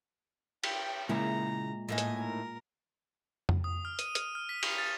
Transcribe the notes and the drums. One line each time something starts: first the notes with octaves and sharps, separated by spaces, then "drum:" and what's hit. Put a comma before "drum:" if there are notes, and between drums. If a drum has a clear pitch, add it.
G5, drum: cymbal
A#2 C#3 G#3 A#3 E4 E5 A#5
A2 A#3 D#4 D#5 G#5
drum: hi-hat
A#4
drum: tom F2
D#6
F6
D#7, drum: hi-hat
F6, drum: hi-hat
F6
B6
F7, drum: cymbal
A6